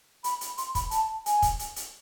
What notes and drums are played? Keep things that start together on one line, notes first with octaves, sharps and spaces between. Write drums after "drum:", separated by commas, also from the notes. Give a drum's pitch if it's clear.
B5, drum: hi-hat
drum: hi-hat
C6, drum: hi-hat
B5, drum: kick, hi-hat
A5, drum: hi-hat
G#5, drum: hi-hat
drum: kick, hi-hat
drum: hi-hat
drum: hi-hat